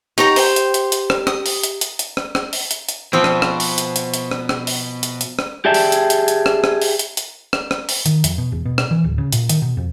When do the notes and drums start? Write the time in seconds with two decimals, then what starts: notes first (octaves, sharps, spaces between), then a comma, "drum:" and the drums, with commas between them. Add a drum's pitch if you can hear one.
0.18 D#4 G4 C#5 A#5
0.36 C5 G5, drum: open hi-hat
0.56 drum: hi-hat
0.74 drum: hi-hat
0.92 drum: hi-hat
1.10 drum: rim click
1.27 D#6, drum: rim click
1.46 drum: open hi-hat
1.63 drum: hi-hat
1.81 drum: hi-hat
1.99 drum: hi-hat
2.17 drum: rim click
2.35 drum: rim click
2.53 drum: open hi-hat
2.71 drum: hi-hat
2.89 drum: hi-hat
3.13 B2 F3 C4
3.24 drum: rim click
3.42 drum: rim click
3.60 drum: open hi-hat
3.78 drum: hi-hat
3.96 drum: hi-hat
4.14 drum: hi-hat
4.31 drum: rim click
4.49 drum: rim click
4.67 drum: open hi-hat
5.03 drum: hi-hat
5.21 drum: hi-hat
5.39 drum: rim click
5.65 G4 G#4 D5 E5 G5 A5
5.74 drum: open hi-hat
5.92 drum: hi-hat
6.10 drum: hi-hat
6.28 drum: hi-hat
6.46 drum: rim click
6.64 drum: rim click
6.82 drum: open hi-hat
6.99 drum: hi-hat
7.17 drum: hi-hat
7.53 drum: rim click
7.71 drum: rim click
7.89 drum: open hi-hat
8.06 D#3, drum: hi-hat
8.24 F2, drum: hi-hat
8.38 B2
8.52 E1
8.65 B2
8.78 drum: rim click
8.91 E3
9.04 D1
9.18 C#3
9.32 A#2, drum: hi-hat
9.49 D#3, drum: hi-hat
9.62 B2
9.77 F2